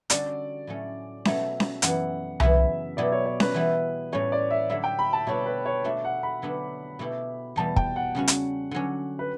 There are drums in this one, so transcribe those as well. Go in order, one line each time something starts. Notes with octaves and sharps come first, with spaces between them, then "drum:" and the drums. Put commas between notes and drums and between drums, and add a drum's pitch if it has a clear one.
D3 G3 C#4 F#4 A4 D5, drum: hi-hat
A2 F#3 A3 C#4
B2 F#3 A3 E5, drum: snare C#4
drum: snare C#4
F#2 E3 G3 B3 F#5, drum: hi-hat
F#2 C#3 E3 B3 E4 E5, drum: tom C2
B2 F#3 B3 E4 G4 D5
C#5
C#5
B4, drum: snare C#4
E3 G3 B3 E4
A2 G3 C#4 C#5
D5
E5
D3 F#3 A3 E4 E5
G5
B5
A5
B2 G3 D4 F#4 C#5
B4
C#5
B2 A3 D4 F#4 E5
F#5
B5
D3 F#3 B3 D4 G4
B2 A3 E4 G4
E2 B2 G3 B3 A5
G5, drum: kick
F#5
C#3 G3 C#4 F#4
drum: hi-hat
D3 F#3 C#4
B4